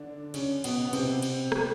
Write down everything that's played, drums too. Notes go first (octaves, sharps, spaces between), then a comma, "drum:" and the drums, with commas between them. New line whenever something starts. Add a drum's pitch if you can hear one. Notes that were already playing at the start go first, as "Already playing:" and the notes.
Already playing: D3 D4
C#3 C#4, drum: cymbal
B2 B3, drum: cymbal
B3
C3 C4, drum: cymbal
drum: cymbal
drum: rim click